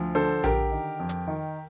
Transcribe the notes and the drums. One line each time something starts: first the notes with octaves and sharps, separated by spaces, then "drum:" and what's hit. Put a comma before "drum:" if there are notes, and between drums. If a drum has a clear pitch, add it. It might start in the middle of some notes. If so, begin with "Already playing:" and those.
Already playing: D2 F3
D3 A4 C5
D3 G4 A#4, drum: tom A#1
D#3
F2
drum: hi-hat
D#3